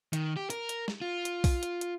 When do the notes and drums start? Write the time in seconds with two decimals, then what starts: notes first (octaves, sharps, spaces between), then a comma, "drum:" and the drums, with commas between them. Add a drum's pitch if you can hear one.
0.13 D#3, drum: hi-hat
0.37 G4
0.50 A#4, drum: hi-hat
0.69 drum: hi-hat
0.88 drum: snare
1.01 F4
1.25 drum: hi-hat
1.44 drum: kick B1, open hi-hat
1.63 drum: hi-hat
1.81 drum: hi-hat